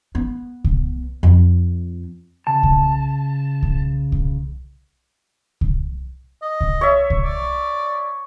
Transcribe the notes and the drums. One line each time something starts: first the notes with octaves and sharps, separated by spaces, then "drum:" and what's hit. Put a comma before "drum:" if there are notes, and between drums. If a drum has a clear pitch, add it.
B3
drum: kick C2
F2
C#3 A5
drum: kick C2
drum: kick C2
drum: kick C2
drum: kick C2
D#5
drum: kick C2
C#5 E5
drum: kick C2
D5